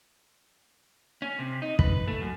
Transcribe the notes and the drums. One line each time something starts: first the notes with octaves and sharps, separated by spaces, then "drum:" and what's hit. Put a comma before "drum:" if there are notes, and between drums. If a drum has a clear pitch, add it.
C#4
C3
D#4
B4, drum: kick
A3
F#2